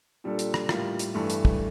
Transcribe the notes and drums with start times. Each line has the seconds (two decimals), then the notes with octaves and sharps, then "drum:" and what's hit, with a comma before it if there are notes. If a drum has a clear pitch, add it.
0.24 A#2 G3 D4 A4
0.39 drum: hi-hat
0.54 drum: rim click
0.69 A2 G3 A#3 F4, drum: rim click
0.99 drum: hi-hat
1.15 G2 E3 A3
1.30 drum: hi-hat
1.45 drum: kick